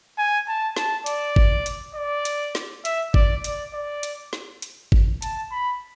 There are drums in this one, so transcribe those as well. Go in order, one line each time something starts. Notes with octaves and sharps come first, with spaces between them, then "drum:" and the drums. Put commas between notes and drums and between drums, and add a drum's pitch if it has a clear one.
G#5
A5
A5, drum: snare
D5, drum: hi-hat
drum: kick G#1
drum: hi-hat
D5
drum: hi-hat
drum: snare
E5, drum: hi-hat
D5, drum: kick G#1
D5, drum: hi-hat
D5
drum: hi-hat
drum: snare
drum: hi-hat
drum: kick G#1
A5, drum: hi-hat
B5